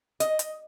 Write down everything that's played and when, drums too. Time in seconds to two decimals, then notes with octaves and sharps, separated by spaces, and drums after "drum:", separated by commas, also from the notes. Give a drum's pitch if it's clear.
0.20 D#5, drum: hi-hat
0.39 drum: hi-hat